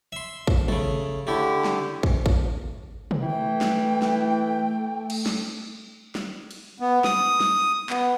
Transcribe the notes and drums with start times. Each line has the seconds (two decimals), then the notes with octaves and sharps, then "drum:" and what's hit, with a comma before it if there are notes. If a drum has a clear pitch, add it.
0.12 E5 C6
0.47 drum: kick
0.68 C#3 A3, drum: tom
1.27 D3 A3 E4 G4
1.64 drum: snare
2.03 drum: kick
2.26 drum: kick
3.11 drum: tom
3.22 E3 A3 G5
3.61 drum: snare
4.02 drum: snare
5.10 drum: cymbal
5.26 drum: snare
6.15 drum: snare
6.51 drum: cymbal
6.80 B3
7.04 D#6, drum: snare
7.40 drum: snare
7.90 B3, drum: clap